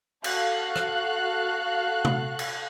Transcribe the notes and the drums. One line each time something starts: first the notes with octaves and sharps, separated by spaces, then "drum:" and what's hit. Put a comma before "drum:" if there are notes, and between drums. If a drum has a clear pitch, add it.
F#4 A4 F5 F#6, drum: cymbal
drum: rim click
drum: tom C3
drum: cymbal